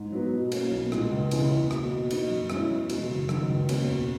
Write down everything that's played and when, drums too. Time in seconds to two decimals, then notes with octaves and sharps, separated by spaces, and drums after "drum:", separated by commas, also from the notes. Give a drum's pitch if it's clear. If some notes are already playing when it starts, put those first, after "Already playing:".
Already playing: G#2
0.12 F#3 B3
0.33 B2
0.52 A#3 C#4, drum: cymbal
0.71 B1
0.92 A#2 G#3, drum: rim click
1.11 C#2
1.31 C#3 E3 G#3, drum: cymbal
1.52 E2
1.71 B2 A#3, drum: rim click
1.90 B2
2.11 A#3 D#4, drum: cymbal
2.30 F#2
2.50 E3 G#3 C#4 E4, drum: rim click
2.70 E2
2.90 B2 G#3, drum: cymbal
3.09 F#1
3.29 F#2 D#3, drum: rim click
3.49 C#2
3.69 B2 A#3 C#4, drum: cymbal
3.88 E1